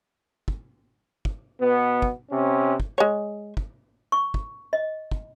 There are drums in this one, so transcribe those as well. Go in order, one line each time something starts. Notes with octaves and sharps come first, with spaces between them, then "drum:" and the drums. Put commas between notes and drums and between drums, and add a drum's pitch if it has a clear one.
drum: kick
drum: kick
B2 B3
drum: kick
C3 C#4
drum: kick
G#3 C#5
drum: kick
C#6
drum: kick
D#5
drum: kick